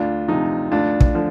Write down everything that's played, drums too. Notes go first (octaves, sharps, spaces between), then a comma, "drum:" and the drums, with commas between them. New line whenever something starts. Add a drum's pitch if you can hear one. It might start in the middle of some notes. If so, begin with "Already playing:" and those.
Already playing: D2 D4 F4
C3 F3 D#4
D2 D4 F4
drum: kick
D3 F3